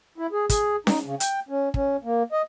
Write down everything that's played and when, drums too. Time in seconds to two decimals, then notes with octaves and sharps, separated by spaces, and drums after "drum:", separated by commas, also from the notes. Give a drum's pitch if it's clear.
0.18 E4
0.32 G#4
0.49 G#4, drum: kick, hi-hat
0.87 D#4, drum: snare C#4
1.05 C#3
1.20 G5, drum: hi-hat
1.49 C#4
1.74 C#4, drum: kick
2.04 A#3
2.32 D#5